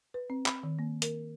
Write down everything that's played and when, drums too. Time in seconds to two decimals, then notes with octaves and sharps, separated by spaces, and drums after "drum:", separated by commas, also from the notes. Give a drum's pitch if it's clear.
0.14 B4
0.30 C4
0.46 B5, drum: clap
0.63 D#3
0.79 A#3
1.02 A#4, drum: hi-hat